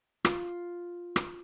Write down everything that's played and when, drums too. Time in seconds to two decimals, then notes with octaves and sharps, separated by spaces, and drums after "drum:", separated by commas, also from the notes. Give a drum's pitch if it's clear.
0.25 F4, drum: rim click
1.16 drum: rim click